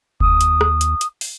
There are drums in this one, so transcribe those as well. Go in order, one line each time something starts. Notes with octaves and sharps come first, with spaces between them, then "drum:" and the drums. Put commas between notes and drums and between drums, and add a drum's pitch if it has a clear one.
D#2 D#6, drum: kick F1
drum: hi-hat
drum: rim click
drum: hi-hat
drum: hi-hat
drum: open hi-hat